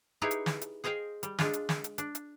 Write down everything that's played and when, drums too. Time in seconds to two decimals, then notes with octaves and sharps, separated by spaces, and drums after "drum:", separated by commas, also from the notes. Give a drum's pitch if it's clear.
0.22 D#4 E4 G4 G#4 B4 C#5
0.31 drum: hi-hat
0.46 drum: snare
0.61 drum: hi-hat
0.84 G#4 C5 D#5 F5 G5
1.23 G3, drum: hi-hat
1.39 G#3 D4 F4, drum: snare
1.53 drum: hi-hat
1.69 drum: snare
1.84 drum: hi-hat
1.98 D4, drum: hi-hat
2.15 drum: hi-hat